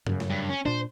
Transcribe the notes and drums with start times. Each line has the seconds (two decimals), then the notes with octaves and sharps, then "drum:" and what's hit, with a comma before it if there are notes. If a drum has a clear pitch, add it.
0.07 F#2 C#3, drum: tom G2
0.20 drum: snare
0.30 G2
0.50 C#4
0.65 A#2 D4 C5